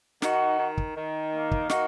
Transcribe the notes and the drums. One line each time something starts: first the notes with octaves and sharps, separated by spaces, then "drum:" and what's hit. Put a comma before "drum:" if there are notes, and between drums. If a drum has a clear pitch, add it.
D#3 D#4 F#4, drum: snare
D#3
drum: kick
D#3
A#3
drum: kick
D#3 D#4 F#4, drum: snare